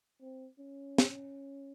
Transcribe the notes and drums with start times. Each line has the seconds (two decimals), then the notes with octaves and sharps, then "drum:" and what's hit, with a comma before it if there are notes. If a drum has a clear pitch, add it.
0.20 C4
0.59 C#4
0.98 drum: snare